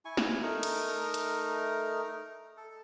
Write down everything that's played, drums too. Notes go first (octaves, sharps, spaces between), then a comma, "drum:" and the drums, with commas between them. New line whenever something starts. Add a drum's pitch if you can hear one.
E4 G#5 C#6
drum: snare
A3 D#4 A#4
drum: cymbal
drum: hi-hat
A4